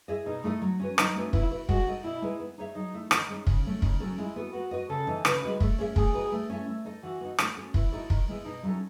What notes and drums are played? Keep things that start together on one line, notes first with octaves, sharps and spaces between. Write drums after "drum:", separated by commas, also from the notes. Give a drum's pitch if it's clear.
E4 G#4 D#5
B2 D#4
A3 E4 A4 D#5
F#3
C#4 F#4 B4
F#3 D#4, drum: rim click
A3 C#4 F#4 B4
B3 E4, drum: kick
F#4 B4 E5
G#3 F#4, drum: kick
D#4 A4 D#5
B2 E4
G#3 D#4 G#4 B4
B3
D#4 G#4 C#5 E5
F#3 D#4
A3 E4
D#3 D#4, drum: rim click
G#3 C#4
C#3, drum: kick
F#3 A3 C#4
C#3 D#4, drum: kick
F#3 C#4 F#4 A4
G#3 E4
B3 F#4 A4
B3 F#4
F#4 B4 D#5
C#3 A4
E3 B3 D#4
C#3 B4, drum: rim click
G#3 D#4 F#4
A3, drum: kick
C#4 G#4 C#5 E5
A3 G#4, drum: kick
D#4 F#4 B4
A3
C#4 E4 A4 E5
A3
D#4 A4 D#5
E3 F#4
B3 D#4
A3, drum: rim click
C#4 F#4 A4
B3 E4, drum: kick
D#4 F#4 A4 C#5
D#3, drum: kick
G#3 B3 E4 G#4
B2 D#4
F#3 C#4 E4 A4